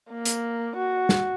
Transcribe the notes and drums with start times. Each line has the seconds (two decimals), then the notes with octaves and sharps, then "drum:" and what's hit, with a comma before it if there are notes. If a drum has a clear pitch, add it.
0.12 A#3
0.25 drum: hi-hat
0.77 F#4
1.09 drum: snare